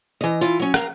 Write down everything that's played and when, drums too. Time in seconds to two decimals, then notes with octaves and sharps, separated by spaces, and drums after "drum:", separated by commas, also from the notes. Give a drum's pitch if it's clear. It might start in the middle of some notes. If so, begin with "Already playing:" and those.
0.21 E3 D#5
0.41 E3 E4 F4
0.59 F#3 C#4
0.74 A#4 F5, drum: rim click